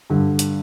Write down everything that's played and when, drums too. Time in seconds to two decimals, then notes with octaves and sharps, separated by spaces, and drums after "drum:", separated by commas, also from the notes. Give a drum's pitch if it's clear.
0.10 G2 D3
0.39 drum: hi-hat